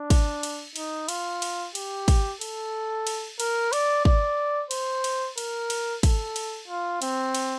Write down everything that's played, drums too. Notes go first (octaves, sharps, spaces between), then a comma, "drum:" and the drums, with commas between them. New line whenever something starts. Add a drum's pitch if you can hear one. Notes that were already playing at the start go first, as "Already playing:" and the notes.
Already playing: D4
drum: kick, cymbal
drum: cymbal
D#4, drum: cymbal
F4, drum: cymbal
drum: cymbal
G4, drum: cymbal
drum: kick, cymbal
A4, drum: cymbal
drum: cymbal
A#4, drum: cymbal
D5, drum: cymbal
D5, drum: kick
C5, drum: cymbal
drum: cymbal
A#4, drum: cymbal
drum: cymbal
A4, drum: kick, cymbal
drum: cymbal
F4
C4, drum: cymbal
drum: cymbal